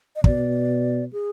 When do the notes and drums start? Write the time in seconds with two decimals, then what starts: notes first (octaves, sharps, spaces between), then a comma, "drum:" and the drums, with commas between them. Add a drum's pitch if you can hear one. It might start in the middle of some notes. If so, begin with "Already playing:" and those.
0.16 D#5
0.24 B2 D5, drum: kick
1.13 G#4